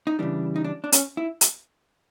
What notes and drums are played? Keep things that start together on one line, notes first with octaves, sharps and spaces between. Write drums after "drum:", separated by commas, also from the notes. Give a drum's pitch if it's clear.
D#4
C#3 E3 G3 D4
D#4
D4
D4
C#4, drum: hi-hat
E4
drum: hi-hat